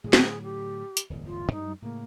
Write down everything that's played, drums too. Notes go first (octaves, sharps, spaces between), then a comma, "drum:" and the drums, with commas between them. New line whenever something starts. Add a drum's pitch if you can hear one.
A2 D3 F#3 G#4
drum: snare
G4
drum: hi-hat
D1 G1 E2
F4
F#2 G3 G#3 D#4
A2 C#3 A#3